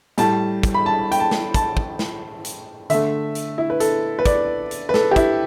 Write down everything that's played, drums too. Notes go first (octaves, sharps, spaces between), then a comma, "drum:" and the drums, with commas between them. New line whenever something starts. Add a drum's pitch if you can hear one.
A2 G3 A5, drum: hi-hat
drum: kick, hi-hat
B5
A5
G5, drum: hi-hat
A5
drum: snare
A5, drum: kick, hi-hat
drum: kick
drum: snare
drum: hi-hat
D3 A3 E5, drum: hi-hat
drum: hi-hat
E4
B4
A4, drum: hi-hat
B4
D5, drum: kick, hi-hat
drum: hi-hat
B4
A4, drum: snare
G4
E4, drum: kick, hi-hat